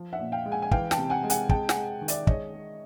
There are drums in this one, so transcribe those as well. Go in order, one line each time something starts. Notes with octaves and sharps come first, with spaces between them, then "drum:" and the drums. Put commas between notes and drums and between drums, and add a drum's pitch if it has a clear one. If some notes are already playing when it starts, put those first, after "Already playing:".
Already playing: F3
E5 F#5
A#2
F5 G5
G#3
F#5 G#5
G#5
E3 F5 G5, drum: kick
G5 A5, drum: snare
C3
F#5 G#5
G#3
F#5 G#5, drum: hi-hat
G#3 G5 A5, drum: kick
F#5 G#5, drum: snare
G#3
D#3
D5 E5, drum: hi-hat
G#3 C#5 D#5, drum: kick
G#3